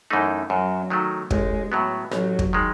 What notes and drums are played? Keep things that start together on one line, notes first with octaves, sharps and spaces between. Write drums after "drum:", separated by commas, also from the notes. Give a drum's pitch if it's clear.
F#2 E3 A3 D#4
F#2 F#3
D#3 F#3 A3
A1 G#3, drum: kick
A2 F#3 B3
A1 F#3, drum: rim click
drum: kick
D#3 G#3